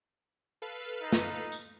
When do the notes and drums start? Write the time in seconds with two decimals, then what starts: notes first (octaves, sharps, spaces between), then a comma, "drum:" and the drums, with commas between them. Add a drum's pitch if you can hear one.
0.62 A4 B4 F5
1.02 D#4
1.12 drum: snare
1.52 drum: tambourine